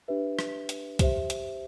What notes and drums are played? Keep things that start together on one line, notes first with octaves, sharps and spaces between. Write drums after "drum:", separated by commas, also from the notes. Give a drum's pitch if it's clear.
D4 G4 B4 E5
drum: rim click
drum: hi-hat
G4 C5 E5, drum: kick C2, hi-hat
drum: hi-hat